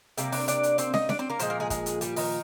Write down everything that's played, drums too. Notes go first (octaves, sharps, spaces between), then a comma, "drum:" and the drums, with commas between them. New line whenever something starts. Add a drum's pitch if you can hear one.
C3 G3 A#3, drum: hi-hat
D4 D5, drum: open hi-hat
D4 D5, drum: hi-hat
drum: hi-hat
C4 C5, drum: hi-hat
D#4 D#5, drum: snare
D4 D5, drum: snare
C4 C5
A#3 A#4
A#2 F3 G#3 C5, drum: hi-hat
A#3 A#4
G#3 G#4
G#3 G#4, drum: kick, hi-hat
drum: hi-hat
G3 G4, drum: hi-hat
D#3 D#4, drum: open hi-hat